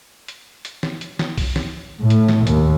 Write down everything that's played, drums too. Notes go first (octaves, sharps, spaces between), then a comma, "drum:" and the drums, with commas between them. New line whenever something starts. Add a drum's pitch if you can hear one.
drum: hi-hat
drum: hi-hat
drum: snare
drum: hi-hat
drum: snare
drum: kick B1, open hi-hat
drum: snare
A2
drum: hi-hat
drum: snare
D#2, drum: hi-hat